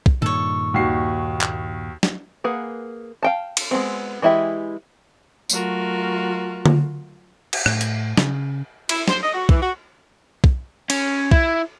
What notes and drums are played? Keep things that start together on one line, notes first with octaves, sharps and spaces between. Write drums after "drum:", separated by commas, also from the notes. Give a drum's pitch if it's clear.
drum: kick
G2 A#2 D#3 A4 C#5
D#2 F#4 C7
drum: clap
drum: snare
A#3 G#4 B4 F#5
F5 G5 A5
drum: cymbal
G#3 B3 C4
E3 G#3 E4 G4 E5
F#3 A3 F4 F#4 A#4, drum: tambourine
drum: tom D3
drum: cymbal
A2, drum: rim click
drum: hi-hat
C#3, drum: snare
E4, drum: cymbal
C5, drum: snare
D#5
F#4
E3, drum: kick
F#4
drum: kick
C#4, drum: cymbal
E4, drum: kick